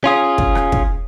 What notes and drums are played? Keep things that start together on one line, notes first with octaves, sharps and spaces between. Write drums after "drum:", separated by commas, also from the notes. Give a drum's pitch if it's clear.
C#4 F4 G#4
drum: kick
drum: rim click
drum: kick